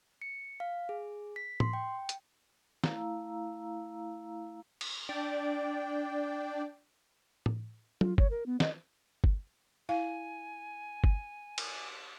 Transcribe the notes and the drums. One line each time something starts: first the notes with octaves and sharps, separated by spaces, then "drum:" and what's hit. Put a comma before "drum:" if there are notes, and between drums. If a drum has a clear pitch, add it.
C#7
F5
G#4
B6
C6, drum: tom A2
G5
drum: hi-hat
A3 E4 F5 A#5 E6, drum: snare
drum: cymbal
D4 D5 G5
drum: tom A2
F4, drum: tom F#3
C#5, drum: kick G1
A#4
B3
D#5, drum: snare
drum: kick G1
E4 F5 G#5
drum: kick G1
drum: cymbal